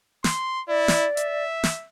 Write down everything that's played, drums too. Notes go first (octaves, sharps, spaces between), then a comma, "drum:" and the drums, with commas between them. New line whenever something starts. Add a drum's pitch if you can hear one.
C6, drum: snare
E4 D5
drum: snare
E5, drum: hi-hat
drum: snare